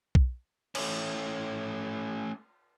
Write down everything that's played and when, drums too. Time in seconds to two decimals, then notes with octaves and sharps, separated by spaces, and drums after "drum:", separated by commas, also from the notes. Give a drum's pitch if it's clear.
0.15 drum: kick B1
0.75 A3 C#4, drum: cymbal